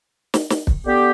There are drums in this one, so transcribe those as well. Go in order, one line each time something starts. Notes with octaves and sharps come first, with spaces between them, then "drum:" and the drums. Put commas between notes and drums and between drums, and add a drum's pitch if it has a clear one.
drum: snare
drum: snare
drum: kick
D3 B3 G4